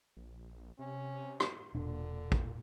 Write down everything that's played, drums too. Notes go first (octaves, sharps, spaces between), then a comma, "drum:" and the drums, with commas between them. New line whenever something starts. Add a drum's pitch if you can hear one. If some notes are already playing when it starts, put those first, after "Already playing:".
A#1
C3 C#4
drum: rim click
E1 A#2 D3 D4
drum: kick